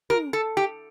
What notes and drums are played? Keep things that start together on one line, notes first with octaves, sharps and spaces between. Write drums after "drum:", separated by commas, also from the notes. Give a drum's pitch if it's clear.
A#4, drum: tom
A4
G4